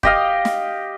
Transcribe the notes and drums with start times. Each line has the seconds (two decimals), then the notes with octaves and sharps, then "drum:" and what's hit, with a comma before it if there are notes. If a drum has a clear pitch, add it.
0.03 G4 D#5 F5, drum: kick
0.45 drum: snare